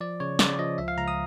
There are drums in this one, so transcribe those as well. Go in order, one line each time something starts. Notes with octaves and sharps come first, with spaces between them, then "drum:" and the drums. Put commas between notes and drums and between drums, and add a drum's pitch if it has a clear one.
F3 D5
C#3 C#5
C#3 D5, drum: snare
F3 D#5
C#2 E5
F5
C#2 A#5
D#6